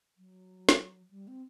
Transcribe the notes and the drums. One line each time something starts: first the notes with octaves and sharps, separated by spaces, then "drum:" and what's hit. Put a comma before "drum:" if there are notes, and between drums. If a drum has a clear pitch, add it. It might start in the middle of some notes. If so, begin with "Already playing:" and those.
F#3
drum: snare
G3
C4